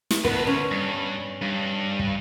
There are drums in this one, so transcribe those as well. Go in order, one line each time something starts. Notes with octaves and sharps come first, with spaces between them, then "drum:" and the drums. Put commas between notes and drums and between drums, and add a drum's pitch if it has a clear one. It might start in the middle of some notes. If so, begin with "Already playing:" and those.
drum: snare
D2 B3 B4, drum: kick
C#4
G2
G2
drum: kick